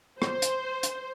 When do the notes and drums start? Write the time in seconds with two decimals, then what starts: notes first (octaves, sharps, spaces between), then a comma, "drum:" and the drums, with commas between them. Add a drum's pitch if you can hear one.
0.22 C5, drum: rim click
0.42 drum: hi-hat
0.83 drum: hi-hat